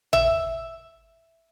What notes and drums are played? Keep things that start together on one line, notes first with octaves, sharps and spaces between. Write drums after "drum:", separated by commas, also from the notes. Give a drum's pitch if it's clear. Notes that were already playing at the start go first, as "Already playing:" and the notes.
E5, drum: tom G#1